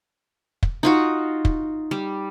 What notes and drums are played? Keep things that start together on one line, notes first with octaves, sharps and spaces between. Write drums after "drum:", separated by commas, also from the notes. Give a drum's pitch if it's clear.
drum: kick
D#4 F4 F#4
drum: kick
G3